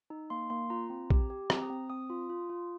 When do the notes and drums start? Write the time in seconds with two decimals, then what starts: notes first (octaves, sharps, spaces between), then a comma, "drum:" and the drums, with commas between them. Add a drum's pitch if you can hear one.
0.10 D#4
0.30 A#3 C6
0.50 A#3 C6
0.70 F4 A#5
0.90 C4
1.10 G4, drum: kick A#1
1.30 G4
1.50 C4 A#5, drum: rim click
1.62 D#6
1.70 C4
1.90 C4 D#6
2.10 F4
2.29 F4
2.49 F4